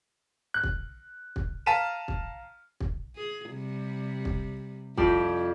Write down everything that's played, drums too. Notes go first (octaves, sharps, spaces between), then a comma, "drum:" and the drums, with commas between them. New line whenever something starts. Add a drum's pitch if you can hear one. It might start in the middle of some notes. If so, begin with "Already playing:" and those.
F#6
drum: kick
drum: kick
F5 A5 A#5 B6 D#7 E7
drum: kick
drum: kick
G#4
C3 G3
drum: kick
F2 E4 G4 D5, drum: kick